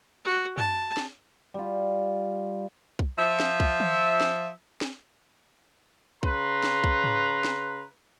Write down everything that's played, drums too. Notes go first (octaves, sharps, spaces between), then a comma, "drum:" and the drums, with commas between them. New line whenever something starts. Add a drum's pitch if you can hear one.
F#4
A5, drum: tom F#2
drum: snare
G3 F4
drum: kick B1
F3 E5
drum: snare
drum: kick B1
drum: tom
drum: snare
drum: snare
C#3 B4 A#5 C6, drum: kick B1
drum: snare
drum: kick B1
drum: tom G#2
drum: snare